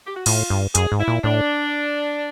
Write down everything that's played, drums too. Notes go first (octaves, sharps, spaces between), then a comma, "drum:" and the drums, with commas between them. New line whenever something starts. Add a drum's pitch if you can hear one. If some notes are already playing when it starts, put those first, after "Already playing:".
G4
F#4
A2 F4, drum: cymbal
G2
F#2 G#4, drum: hi-hat
G#2
E4
A#2
A2 D4